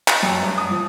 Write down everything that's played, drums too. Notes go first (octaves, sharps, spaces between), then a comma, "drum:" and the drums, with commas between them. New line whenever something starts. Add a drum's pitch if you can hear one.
drum: clap
F#2
G2
D#6
F3